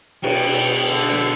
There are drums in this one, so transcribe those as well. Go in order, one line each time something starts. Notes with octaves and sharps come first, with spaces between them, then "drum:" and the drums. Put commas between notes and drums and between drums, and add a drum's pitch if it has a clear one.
B2 G5, drum: cymbal
D3, drum: hi-hat
drum: snare